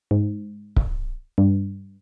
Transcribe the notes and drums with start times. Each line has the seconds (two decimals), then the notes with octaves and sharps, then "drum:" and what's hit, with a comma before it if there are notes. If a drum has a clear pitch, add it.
0.11 G#2
0.76 drum: kick C#1
1.38 G2